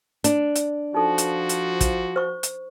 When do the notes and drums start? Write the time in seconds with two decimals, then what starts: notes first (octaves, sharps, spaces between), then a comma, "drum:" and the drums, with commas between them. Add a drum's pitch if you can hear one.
0.24 D4, drum: hi-hat
0.56 drum: hi-hat
0.94 F3 D#4 F#4 A4
1.18 drum: hi-hat
1.49 drum: hi-hat
1.81 drum: kick, hi-hat
2.16 C5 C#6
2.43 drum: hi-hat